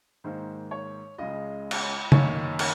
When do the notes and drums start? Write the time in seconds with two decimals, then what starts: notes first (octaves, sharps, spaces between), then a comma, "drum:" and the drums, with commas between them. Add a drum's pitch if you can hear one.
0.24 G#2 D#3 A#3 C5
0.71 C#5
1.18 C#2 C#3 G#3 D#5
1.71 drum: cymbal
2.12 F#2 D#3 A#3 C#5, drum: tom
2.59 A#4, drum: cymbal